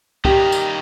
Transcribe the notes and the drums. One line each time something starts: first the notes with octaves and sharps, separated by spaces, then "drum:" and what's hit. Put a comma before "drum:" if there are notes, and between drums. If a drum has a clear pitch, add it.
D#3 G3 A#3 D#4 G4, drum: kick C2
drum: tambourine